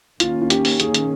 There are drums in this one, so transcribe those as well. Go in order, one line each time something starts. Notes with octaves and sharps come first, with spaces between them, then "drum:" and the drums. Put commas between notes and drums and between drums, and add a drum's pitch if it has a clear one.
D#3 A#3 C#4 F4, drum: hi-hat
F4
G4, drum: hi-hat
drum: open hi-hat
G#4, drum: hi-hat
drum: hi-hat